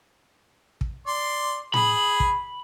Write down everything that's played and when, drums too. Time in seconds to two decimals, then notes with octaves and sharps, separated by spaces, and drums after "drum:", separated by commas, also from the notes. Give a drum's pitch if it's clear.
0.81 drum: kick
1.07 D5 C6
1.74 G#4 B5, drum: tom A2
2.20 drum: kick